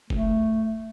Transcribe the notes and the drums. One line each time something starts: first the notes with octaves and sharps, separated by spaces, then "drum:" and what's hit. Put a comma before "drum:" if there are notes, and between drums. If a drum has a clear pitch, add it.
A3, drum: kick F1